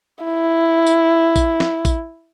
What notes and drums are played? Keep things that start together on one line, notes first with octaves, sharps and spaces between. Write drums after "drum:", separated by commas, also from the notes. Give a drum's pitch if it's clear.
E4
drum: tambourine
drum: kick, tambourine
drum: snare
drum: kick, tambourine